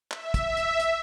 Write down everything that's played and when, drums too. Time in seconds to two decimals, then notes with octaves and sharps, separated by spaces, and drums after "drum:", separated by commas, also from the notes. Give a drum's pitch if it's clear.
0.11 E5, drum: clap
0.34 drum: kick, hi-hat
0.57 drum: hi-hat
0.80 drum: hi-hat